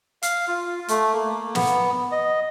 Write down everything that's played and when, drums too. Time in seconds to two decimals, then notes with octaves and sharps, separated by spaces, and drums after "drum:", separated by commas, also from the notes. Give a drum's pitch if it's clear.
0.23 F5, drum: hi-hat
0.48 F4
0.88 A3, drum: hi-hat
1.13 A#3
1.55 B3, drum: snare
2.12 D#5